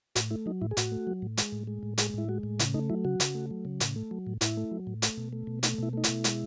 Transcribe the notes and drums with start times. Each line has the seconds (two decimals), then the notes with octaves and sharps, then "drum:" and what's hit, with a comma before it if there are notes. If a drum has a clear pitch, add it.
0.15 A2 F#4, drum: hi-hat
0.31 A3 E4
0.46 F#3 D#4
0.61 A2 E4
0.71 G#4
0.77 A2 F#4, drum: hi-hat
0.92 A3
1.07 F#3
1.22 A2
1.37 G#3, drum: hi-hat
1.52 A2
1.67 G#3
1.83 A2
1.98 G#3 G#4, drum: hi-hat
2.14 A2 E4
2.29 G#3 F#4
2.43 A2
2.59 C#3 E4, drum: hi-hat
2.74 A3 D#4
2.90 F#3 E4
3.05 C#3 F#4
3.20 C#3, drum: hi-hat
3.35 A3
3.51 F#3
3.65 C#3
3.80 A2, drum: hi-hat
3.96 A3
4.11 F#3
4.27 A2
4.41 A2 E4, drum: hi-hat
4.57 A3
4.71 F#3
4.87 A2
5.02 A3, drum: hi-hat
5.17 B2
5.33 A3
5.47 B2
5.63 A3 D#4, drum: hi-hat
5.78 B2 E4
5.93 A3 D#4
6.04 B2 E4, drum: hi-hat
6.24 G#3, drum: hi-hat